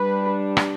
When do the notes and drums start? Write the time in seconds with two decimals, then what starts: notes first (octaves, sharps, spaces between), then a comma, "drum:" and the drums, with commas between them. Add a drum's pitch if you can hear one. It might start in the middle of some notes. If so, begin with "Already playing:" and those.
Already playing: G3 D4 B4
0.57 drum: rim click